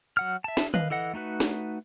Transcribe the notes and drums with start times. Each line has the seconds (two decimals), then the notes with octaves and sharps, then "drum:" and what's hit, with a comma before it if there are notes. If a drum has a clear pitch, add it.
0.17 F#3 F#5 F6
0.44 E5 A5
0.57 drum: snare
0.74 B4 D#5 F5, drum: tom
0.90 E3 A4 D#5 F#5
1.13 A3 D#4 F#4 B4
1.40 drum: snare